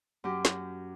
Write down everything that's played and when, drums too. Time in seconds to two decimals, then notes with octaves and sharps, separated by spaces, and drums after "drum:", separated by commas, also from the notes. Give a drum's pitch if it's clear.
0.24 F#2 G4
0.45 drum: snare